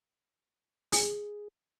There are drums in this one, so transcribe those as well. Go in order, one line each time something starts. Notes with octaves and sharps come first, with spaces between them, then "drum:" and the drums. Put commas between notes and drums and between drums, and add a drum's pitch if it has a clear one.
G#4, drum: open hi-hat